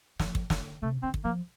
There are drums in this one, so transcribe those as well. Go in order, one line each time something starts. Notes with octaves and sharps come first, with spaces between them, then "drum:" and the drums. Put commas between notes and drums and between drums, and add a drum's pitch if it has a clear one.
F3, drum: snare
drum: kick
D3, drum: snare
C3 A3
D3 C4
drum: kick
F3 A#3